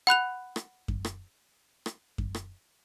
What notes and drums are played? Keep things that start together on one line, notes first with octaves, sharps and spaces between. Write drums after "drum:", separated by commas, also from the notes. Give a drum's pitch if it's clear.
F#5 B5 F#6 F7
drum: rim click
drum: kick F#2
drum: rim click
drum: rim click
drum: kick F#2
drum: rim click